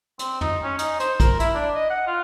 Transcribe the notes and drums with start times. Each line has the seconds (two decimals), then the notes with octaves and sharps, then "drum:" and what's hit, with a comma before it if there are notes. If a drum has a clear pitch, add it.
0.19 C4, drum: hi-hat
0.41 D#4, drum: tom
0.63 C#4
0.79 D#4, drum: hi-hat
1.00 C5, drum: hi-hat
1.20 A#4, drum: kick, hi-hat
1.40 E4, drum: hi-hat
1.55 D4
1.75 D#5
1.90 F#5
2.07 F4